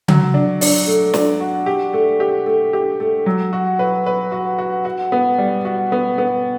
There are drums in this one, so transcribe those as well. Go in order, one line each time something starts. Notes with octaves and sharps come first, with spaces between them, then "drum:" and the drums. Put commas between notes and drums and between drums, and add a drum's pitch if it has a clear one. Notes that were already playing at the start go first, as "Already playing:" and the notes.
F#3, drum: tom C#3
D4
D4, drum: open hi-hat
A3
D4, drum: snare
F#4
G4
A3
G4
A3
G4
A3
F#3
F#4
B4
B4
F#4
F#4
F#4
B3
G3
F#4
B3
B3